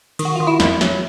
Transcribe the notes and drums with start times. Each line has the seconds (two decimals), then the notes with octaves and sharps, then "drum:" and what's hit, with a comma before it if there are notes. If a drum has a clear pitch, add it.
0.19 D#3, drum: cymbal
0.25 F#4
0.36 D#3 F4
0.47 E4
0.60 F2, drum: snare
0.81 F#3, drum: snare